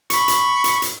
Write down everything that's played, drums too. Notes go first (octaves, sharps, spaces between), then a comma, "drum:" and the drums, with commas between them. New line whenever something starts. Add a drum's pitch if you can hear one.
B5 C#6, drum: hi-hat
drum: hi-hat
drum: hi-hat
drum: hi-hat